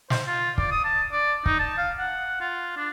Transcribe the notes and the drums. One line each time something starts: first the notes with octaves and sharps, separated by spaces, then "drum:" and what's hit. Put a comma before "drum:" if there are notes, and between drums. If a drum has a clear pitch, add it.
C5, drum: snare
F4
D5, drum: kick
D#6
A5
D5
D#4, drum: kick
A5
F5
F#5
F4
D4